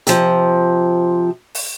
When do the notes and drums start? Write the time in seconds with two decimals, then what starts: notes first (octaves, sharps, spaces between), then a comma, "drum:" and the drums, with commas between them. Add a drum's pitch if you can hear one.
0.07 C3 F3, drum: hi-hat
1.55 drum: open hi-hat